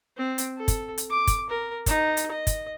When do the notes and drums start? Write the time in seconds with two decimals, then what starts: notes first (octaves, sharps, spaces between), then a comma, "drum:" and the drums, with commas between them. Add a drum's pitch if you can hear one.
0.17 C4
0.38 drum: hi-hat
0.57 A4
0.68 drum: kick, hi-hat
0.98 drum: hi-hat
1.10 D6
1.27 drum: kick, hi-hat
1.49 A#4
1.86 D#4, drum: kick, hi-hat
2.17 drum: hi-hat
2.32 D#5
2.47 drum: kick, hi-hat